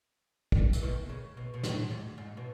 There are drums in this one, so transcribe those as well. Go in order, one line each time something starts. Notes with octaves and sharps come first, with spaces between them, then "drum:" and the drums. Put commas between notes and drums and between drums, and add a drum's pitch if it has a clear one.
drum: kick
E3, drum: tambourine
B2 D#3
C#3
B2
B2
A2, drum: snare
G#2
G#2
B2